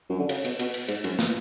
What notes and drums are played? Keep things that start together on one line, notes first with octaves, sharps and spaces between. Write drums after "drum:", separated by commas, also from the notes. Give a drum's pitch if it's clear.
F#2
D3
C#3, drum: cymbal
B2, drum: cymbal
B2, drum: cymbal
drum: cymbal
G#2, drum: cymbal
F#2, drum: cymbal
drum: snare